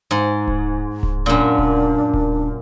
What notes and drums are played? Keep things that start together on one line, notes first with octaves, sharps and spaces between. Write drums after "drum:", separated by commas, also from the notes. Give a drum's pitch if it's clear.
G#2
drum: kick D1
drum: kick D1
F#2 A#2 D4
drum: kick D1
drum: kick D1